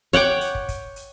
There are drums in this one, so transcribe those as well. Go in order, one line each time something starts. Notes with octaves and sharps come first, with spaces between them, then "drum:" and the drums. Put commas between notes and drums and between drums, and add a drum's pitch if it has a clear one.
C#5 F#5 G5 D6, drum: kick, hi-hat
drum: hi-hat
drum: kick
drum: kick, hi-hat
drum: hi-hat